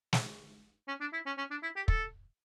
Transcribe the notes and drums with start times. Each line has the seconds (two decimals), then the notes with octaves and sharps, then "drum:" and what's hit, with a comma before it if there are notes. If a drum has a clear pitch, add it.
0.13 drum: snare
0.88 C#4
1.01 D4
1.13 E4
1.26 C#4
1.38 C#4
1.51 D4
1.63 E4
1.76 G4
1.88 A4, drum: kick